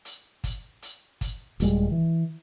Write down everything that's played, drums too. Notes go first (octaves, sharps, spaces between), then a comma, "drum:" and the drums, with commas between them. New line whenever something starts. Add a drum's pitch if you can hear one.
drum: hi-hat
drum: kick, hi-hat
drum: hi-hat
drum: kick, hi-hat
D#1 G3 G#3, drum: hi-hat
E3